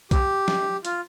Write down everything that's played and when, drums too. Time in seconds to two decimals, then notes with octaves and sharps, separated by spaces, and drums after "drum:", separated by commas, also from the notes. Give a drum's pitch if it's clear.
0.11 G4, drum: kick B1, hi-hat
0.48 drum: snare
0.85 F4, drum: hi-hat